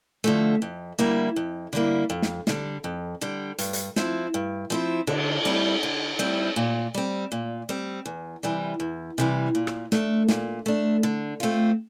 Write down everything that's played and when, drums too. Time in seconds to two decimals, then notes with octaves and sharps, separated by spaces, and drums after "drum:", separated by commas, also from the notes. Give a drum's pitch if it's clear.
0.24 D3 F3 A3
0.62 F2
0.99 D3 G3 A#3 E4
1.36 F2
1.73 D3 G3 A#3 E4
2.10 F2
2.22 drum: snare
2.47 D3 G3, drum: snare
2.84 F2
3.21 D3 G3
3.59 G2, drum: hi-hat
3.73 drum: hi-hat
3.96 F3 C4 E4, drum: snare
4.34 G2
4.70 F3 C4 E4
5.07 D3, drum: cymbal
5.45 G3 C4 E4
5.83 D3
6.19 G3 C4 E4
6.56 A#2
6.94 G3 C4
7.32 A#2
7.69 G3 C4
8.05 E2
8.43 C3 E3 G3
8.80 E2
9.18 C3 E3 G3
9.55 A#2
9.67 drum: rim click
9.92 A3 D4, drum: snare
10.28 A#2, drum: snare
10.66 A3 D4
11.03 D3
11.40 A3 C4 F4